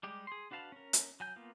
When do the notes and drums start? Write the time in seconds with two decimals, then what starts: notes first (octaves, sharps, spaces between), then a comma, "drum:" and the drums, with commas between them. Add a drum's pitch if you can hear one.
0.03 G3 G#3 G4
0.27 G#4 C6
0.51 D4 F#4 B4 F5 A5
0.72 C#4 A#4
0.93 drum: hi-hat
1.20 F#3 G#5 G6
1.36 A#3 B3 F4